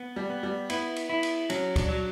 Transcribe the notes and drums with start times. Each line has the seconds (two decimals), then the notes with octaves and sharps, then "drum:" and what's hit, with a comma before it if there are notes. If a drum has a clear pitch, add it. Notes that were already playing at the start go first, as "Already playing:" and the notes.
Already playing: B3
0.16 G3
0.30 B3
0.43 G3
0.70 B3 E4, drum: cymbal
0.96 drum: cymbal
1.10 E4
1.23 drum: cymbal
1.50 F#3 C#4, drum: cymbal
1.76 D4, drum: kick, cymbal
1.89 F#3